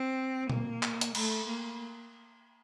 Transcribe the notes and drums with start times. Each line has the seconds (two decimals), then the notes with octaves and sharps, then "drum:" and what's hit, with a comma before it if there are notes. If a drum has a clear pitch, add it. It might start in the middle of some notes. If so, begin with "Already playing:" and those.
Already playing: C4
0.50 A#3, drum: tom A#2
0.83 drum: clap
1.01 drum: hi-hat
1.15 A3, drum: cymbal
1.47 A#3